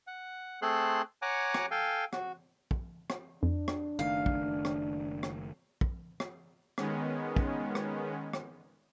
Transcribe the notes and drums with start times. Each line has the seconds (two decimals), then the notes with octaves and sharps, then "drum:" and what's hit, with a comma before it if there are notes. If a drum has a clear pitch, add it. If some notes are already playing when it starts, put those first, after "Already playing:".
0.07 F#5
0.62 A3 C4 G#4 A4 C6 F#6
1.22 C#5 F#5 G#5 A#5 D6
1.54 drum: rim click
1.71 A4 F5 G5 G#5
2.13 F#4, drum: rim click
2.71 drum: kick
3.10 drum: rim click
3.43 F2 D4
3.68 drum: rim click
3.99 F#1 D#3 A3 F5
4.26 drum: kick
4.65 drum: rim click
5.23 drum: rim click
5.81 drum: kick
6.20 drum: rim click
6.78 D#3 G#3 B3 C#4, drum: rim click
7.36 drum: kick
7.75 drum: rim click
8.33 drum: rim click